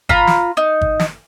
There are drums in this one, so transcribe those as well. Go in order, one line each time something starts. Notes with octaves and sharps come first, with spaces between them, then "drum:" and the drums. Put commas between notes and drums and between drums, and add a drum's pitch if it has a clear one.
F4 A#5 B5, drum: kick G1
drum: snare
D#4
drum: kick G1
drum: snare